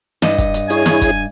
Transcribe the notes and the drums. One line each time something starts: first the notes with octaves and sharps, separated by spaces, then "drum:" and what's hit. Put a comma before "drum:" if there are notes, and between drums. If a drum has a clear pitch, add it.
G2 D#5, drum: snare
drum: kick, hi-hat
drum: hi-hat
E4 G#4 C#5 G#5, drum: hi-hat
drum: snare
drum: kick, hi-hat